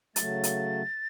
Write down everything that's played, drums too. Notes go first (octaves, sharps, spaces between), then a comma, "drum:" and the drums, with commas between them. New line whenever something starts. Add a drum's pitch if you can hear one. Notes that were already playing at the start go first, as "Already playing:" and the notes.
C#3 F#3 A3 A6, drum: hi-hat
drum: hi-hat